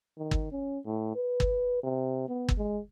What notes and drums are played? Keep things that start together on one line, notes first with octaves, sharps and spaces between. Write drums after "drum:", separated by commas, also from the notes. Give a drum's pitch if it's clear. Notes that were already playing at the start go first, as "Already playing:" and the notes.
D#3
drum: kick G1
C#4
A2
B4
drum: kick G1
C3
B3
drum: kick G1
G#3